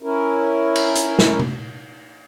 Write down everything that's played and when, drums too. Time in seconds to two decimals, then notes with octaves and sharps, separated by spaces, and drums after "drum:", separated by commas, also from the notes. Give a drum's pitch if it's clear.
0.02 C#4 E4 A#4
0.76 drum: cymbal
0.95 drum: hi-hat
1.19 drum: snare
1.39 drum: tom